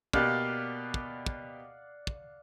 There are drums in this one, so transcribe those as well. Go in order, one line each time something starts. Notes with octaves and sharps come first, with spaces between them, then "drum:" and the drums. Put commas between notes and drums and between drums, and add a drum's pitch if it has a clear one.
B2 A#3 G4 D5 F5 F#5, drum: kick
drum: kick
drum: kick
drum: kick